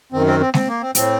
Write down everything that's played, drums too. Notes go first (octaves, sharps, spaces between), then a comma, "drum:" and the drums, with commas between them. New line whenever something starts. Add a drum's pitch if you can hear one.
F#2 D#3 C4
C4
C4
C4, drum: snare G#3
A#3
C4
A2 C4, drum: hi-hat